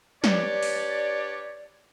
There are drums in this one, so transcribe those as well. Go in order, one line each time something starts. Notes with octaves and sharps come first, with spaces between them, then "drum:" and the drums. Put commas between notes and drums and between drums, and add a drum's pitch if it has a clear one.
D4 G4 B4 C#5 D5, drum: snare F3
drum: open hi-hat